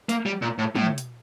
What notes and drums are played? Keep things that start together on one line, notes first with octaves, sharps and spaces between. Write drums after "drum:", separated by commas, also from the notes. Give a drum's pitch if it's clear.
A#3, drum: hi-hat
G3
A#2
A2
A2, drum: tom
drum: hi-hat